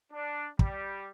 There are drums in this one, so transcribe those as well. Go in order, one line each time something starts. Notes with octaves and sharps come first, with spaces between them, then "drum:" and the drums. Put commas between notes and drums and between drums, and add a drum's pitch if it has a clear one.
D4
G3, drum: kick